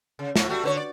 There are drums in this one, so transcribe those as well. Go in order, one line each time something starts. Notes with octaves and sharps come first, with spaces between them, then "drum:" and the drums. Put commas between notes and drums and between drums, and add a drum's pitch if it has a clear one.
C#3
A2 F3, drum: snare
G3 A3 F#4
D3 B4 C#5
D5